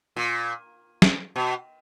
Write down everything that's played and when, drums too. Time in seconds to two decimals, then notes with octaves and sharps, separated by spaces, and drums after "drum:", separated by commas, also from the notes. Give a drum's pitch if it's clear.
0.16 A#2
1.02 drum: snare
1.36 B2